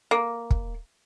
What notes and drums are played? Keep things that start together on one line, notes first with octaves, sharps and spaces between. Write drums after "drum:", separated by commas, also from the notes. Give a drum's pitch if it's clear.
A#3
drum: kick